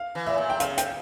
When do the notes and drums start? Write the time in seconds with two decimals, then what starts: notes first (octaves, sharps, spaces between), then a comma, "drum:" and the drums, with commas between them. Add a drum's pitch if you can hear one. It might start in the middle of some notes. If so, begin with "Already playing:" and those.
Already playing: F5
0.15 E3
0.26 A2 E5
0.38 A#2
0.50 G5
0.60 C#3 F5, drum: hi-hat
0.78 G5, drum: hi-hat